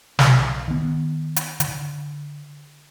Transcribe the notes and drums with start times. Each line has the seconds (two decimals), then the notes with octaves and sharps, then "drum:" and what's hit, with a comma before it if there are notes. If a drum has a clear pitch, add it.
0.19 B1, drum: snare
0.68 D#3 B3
1.36 drum: hi-hat
1.60 D3, drum: hi-hat